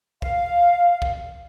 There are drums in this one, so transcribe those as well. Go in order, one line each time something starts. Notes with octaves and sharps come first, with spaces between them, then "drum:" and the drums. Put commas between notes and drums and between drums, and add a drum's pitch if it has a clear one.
F5, drum: kick
drum: kick